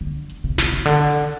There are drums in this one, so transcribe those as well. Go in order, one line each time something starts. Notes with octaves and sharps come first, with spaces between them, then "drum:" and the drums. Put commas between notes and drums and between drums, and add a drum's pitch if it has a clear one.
D3
drum: hi-hat
C3
C3, drum: snare
C3
D3, drum: hi-hat
drum: hi-hat